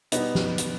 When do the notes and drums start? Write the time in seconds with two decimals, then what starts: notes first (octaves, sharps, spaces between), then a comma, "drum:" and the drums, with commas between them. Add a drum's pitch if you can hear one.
0.12 B2 G3 B3 D#4, drum: hi-hat
0.35 drum: snare
0.58 drum: hi-hat